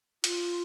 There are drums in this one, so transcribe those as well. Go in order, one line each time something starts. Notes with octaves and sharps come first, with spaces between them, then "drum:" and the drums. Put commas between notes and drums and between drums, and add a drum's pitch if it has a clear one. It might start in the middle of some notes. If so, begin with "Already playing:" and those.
F4, drum: hi-hat